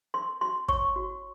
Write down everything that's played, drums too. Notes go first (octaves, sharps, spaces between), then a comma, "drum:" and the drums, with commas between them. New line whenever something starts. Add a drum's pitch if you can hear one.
A#4 C6
F#4 C6
C#5 C#6, drum: kick
F#4